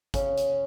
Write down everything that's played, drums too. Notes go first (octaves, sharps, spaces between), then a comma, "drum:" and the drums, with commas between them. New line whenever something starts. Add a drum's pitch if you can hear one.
C#3, drum: kick, hi-hat
drum: hi-hat